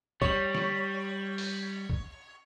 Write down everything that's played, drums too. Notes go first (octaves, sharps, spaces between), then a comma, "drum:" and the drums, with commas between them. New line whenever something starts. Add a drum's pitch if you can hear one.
G3 C#5, drum: kick B1
drum: snare
drum: open hi-hat
drum: kick B1